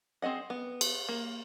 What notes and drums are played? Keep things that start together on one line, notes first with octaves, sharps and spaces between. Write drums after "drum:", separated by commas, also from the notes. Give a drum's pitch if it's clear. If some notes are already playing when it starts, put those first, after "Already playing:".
C4 G#4 D#5 F#5
B3
drum: cymbal
A#3